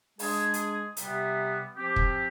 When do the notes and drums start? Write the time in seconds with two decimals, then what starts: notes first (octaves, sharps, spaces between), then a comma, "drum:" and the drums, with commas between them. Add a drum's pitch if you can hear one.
0.19 G#3 D4 G#4, drum: open hi-hat
0.54 drum: hi-hat
0.97 C3 G3 B3, drum: hi-hat
1.74 F3 C4 G4
1.96 drum: kick